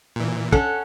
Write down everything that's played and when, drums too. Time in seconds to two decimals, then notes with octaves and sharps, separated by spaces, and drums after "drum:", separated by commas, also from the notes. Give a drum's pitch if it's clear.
0.16 A#2 E3
0.52 C#4 A4 F#5, drum: kick